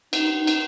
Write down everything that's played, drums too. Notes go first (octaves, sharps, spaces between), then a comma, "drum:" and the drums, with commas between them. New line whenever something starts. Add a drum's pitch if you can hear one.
D#4, drum: cymbal
D#4
drum: cymbal